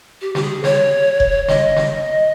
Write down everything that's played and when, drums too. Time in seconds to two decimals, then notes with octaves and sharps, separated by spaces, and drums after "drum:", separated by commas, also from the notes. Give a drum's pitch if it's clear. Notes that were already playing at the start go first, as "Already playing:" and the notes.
0.21 G4
0.35 G4, drum: snare
0.42 G#4
0.64 C#5, drum: snare
1.20 drum: kick F1
1.48 D#5, drum: snare
1.76 drum: snare